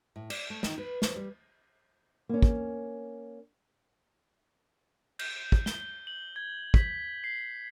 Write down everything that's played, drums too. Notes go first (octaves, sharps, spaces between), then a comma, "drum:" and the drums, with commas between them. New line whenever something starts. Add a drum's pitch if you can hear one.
A2
D5, drum: cymbal
A3
D#3, drum: snare
B4
C5, drum: snare
G3
A#3 C#4
drum: kick
G6, drum: cymbal
drum: kick
G7, drum: snare
F#7
G#6
B6, drum: kick
C7